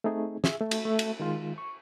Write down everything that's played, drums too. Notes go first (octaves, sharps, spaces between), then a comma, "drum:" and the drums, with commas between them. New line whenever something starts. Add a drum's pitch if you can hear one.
A3 C4 D#4 G#4
G#4 E5, drum: snare
A3
drum: cymbal
A3
drum: cymbal
D#3 G#3 F4
C#6